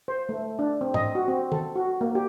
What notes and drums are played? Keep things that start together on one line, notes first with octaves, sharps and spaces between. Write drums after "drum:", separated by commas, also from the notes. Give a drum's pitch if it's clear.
C5
A3
D4
C4
D#5, drum: tom
F#4
C4
A4, drum: tom D#3
F#4
A#3
G4